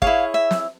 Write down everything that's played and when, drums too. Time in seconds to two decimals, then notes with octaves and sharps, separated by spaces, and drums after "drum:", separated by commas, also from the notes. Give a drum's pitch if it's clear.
0.02 E4 G#4 C#5 F5, drum: kick
0.34 E5
0.51 drum: snare